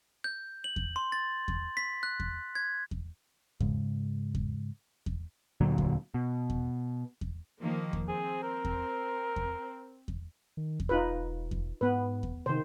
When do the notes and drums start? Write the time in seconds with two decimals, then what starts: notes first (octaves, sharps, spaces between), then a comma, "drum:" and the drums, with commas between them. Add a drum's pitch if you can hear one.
0.24 G6
0.64 F#7
0.76 drum: kick E2
0.96 C6
1.12 A6
1.48 drum: kick E2
1.77 B6
2.03 F#6
2.20 drum: kick E2
2.55 G#6
2.91 drum: kick E2
3.60 G#2 C#3 G#3, drum: kick E2
4.35 drum: kick E2
5.06 drum: kick E2
5.61 D2 A#2 D3 F#3
5.78 drum: kick E2
6.14 B2
6.50 drum: kick E2
7.21 drum: kick E2
7.60 D#3 F3 A#3
7.93 drum: kick E2
8.08 C4 G#4
8.43 A#4
8.65 drum: kick E2
9.36 drum: kick E2
10.08 drum: kick E2
10.57 D#3
10.80 drum: kick E2
10.89 E1 D#4 F4 B4
11.51 drum: kick E2
11.81 G#2 B3 B4
12.23 drum: kick E2
12.46 C3 D#3 C5